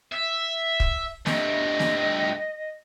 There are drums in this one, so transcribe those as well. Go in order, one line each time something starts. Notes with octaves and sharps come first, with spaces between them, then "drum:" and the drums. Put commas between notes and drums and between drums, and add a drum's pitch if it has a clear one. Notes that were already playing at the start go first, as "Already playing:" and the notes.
E5
drum: kick
G2 A3 D#5, drum: snare
drum: snare